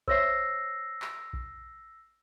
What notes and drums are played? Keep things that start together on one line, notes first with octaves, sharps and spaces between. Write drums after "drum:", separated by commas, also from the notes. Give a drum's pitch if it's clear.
C5 C#5 E5 E6 A#6 C7, drum: kick A#1
drum: clap
drum: kick A#1